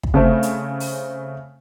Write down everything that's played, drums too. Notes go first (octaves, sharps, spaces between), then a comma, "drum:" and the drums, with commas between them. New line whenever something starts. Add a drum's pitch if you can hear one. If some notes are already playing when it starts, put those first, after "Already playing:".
drum: kick
C#3 A3 C4
drum: hi-hat
drum: open hi-hat